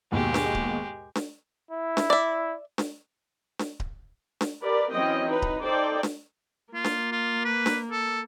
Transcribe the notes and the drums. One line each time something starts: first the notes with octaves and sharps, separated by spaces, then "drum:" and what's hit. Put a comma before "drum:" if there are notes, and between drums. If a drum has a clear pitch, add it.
D#2 G#2 B2 G#3 G4
drum: snare D4
drum: kick D1
drum: snare D4
E4
drum: snare D4
D5 E5
drum: snare D4
drum: snare D4
drum: kick D1
drum: snare D4
G4 A#4 B4 D5
E3 F#3 C4 C#4 D#5 G5
D#4 B4
drum: kick D1
D#4 A4 C5 D5 G5
drum: snare D4
A#3 F4
drum: snare D4
F4
B4
drum: snare D4
A4